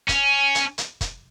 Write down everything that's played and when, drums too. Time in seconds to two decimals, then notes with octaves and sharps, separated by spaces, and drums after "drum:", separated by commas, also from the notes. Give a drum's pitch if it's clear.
0.09 C#4, drum: kick, hi-hat
0.55 drum: hi-hat
0.78 drum: hi-hat
1.01 drum: kick, hi-hat